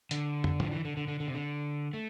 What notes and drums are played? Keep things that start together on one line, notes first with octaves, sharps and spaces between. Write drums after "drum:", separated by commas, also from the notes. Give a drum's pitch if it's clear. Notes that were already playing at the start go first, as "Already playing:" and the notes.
D3, drum: hi-hat
drum: tom
F3, drum: tom
E3
D3
D3
D3
D3
C3
D3
A3